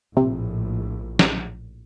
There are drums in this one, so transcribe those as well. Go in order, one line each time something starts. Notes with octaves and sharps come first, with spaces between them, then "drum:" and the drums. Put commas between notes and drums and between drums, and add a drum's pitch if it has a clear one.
A#1 A2 C3
drum: snare